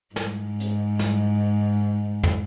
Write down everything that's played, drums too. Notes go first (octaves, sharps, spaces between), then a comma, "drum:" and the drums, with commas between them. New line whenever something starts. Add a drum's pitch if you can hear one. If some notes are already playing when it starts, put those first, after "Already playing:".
G#2, drum: snare
drum: hi-hat
drum: snare
drum: tom